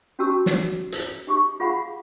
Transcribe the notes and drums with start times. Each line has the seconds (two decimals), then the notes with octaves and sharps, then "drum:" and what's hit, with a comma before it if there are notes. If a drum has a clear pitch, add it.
0.19 C#4 F#4 G4 A5 E6
0.46 drum: snare
0.92 drum: hi-hat
1.27 D#4 G4 C#6 D6
1.60 F4 G#4 F5 F#5 B5